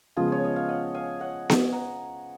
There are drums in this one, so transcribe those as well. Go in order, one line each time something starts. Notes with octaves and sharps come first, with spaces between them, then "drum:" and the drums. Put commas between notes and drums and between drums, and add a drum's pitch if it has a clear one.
C#3 F3 G#3 B3 F4 G#4
C#5
D#5
F5
D#5 F#5
F5 G#5
D#5 F#5
drum: snare B3
F#5 A#5